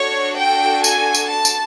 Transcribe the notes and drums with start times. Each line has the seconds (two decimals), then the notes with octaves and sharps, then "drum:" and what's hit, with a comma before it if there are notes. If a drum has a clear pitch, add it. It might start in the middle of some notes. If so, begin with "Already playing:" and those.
Already playing: D4 F#4 A4 C#5
0.38 G5
0.84 G#5, drum: tambourine
1.14 drum: tambourine
1.30 A5
1.45 drum: tambourine